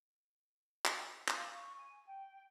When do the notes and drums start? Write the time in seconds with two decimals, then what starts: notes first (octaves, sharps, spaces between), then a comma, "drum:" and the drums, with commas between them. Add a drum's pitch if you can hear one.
0.86 drum: clap
1.28 F5, drum: clap
1.53 C#6
1.78 G#5
2.05 G5